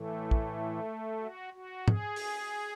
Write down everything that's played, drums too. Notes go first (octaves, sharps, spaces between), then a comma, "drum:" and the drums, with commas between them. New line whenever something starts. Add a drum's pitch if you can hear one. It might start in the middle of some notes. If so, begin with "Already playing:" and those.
Already playing: A2 E3 A3
drum: kick
F#4
F#4
G#4, drum: tom
drum: open hi-hat